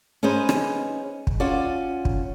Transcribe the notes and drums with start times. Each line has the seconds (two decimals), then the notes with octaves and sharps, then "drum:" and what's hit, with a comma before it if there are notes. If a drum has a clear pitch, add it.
0.23 C#4 D#4 G#4 B4 C5
0.49 drum: rim click
1.27 drum: kick
1.40 C#4 F4 F#4 D5
2.05 drum: kick